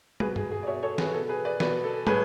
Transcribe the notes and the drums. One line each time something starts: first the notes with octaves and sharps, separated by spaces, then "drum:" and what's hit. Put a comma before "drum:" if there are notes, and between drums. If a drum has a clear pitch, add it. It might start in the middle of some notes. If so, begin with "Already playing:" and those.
B2 G#4 B4, drum: tom
G#4, drum: tom G2
G#4
D5
B2 C#5 E5
A4 C#5
G#4 B4, drum: snare
B2 A4
G#4 B4
B4 D5
B2 B4 D5, drum: snare
A4
A2 G#4 B4, drum: tom